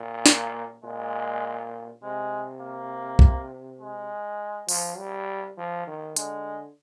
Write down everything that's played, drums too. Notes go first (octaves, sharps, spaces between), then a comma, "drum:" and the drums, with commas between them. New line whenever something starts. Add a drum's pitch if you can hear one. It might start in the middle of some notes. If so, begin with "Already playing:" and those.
Already playing: A#2
A#3, drum: snare
A#2 G#3
C3 G#3
A#3
drum: kick
G#3
F3, drum: open hi-hat
G3
F3
D#3
D3 G#3, drum: hi-hat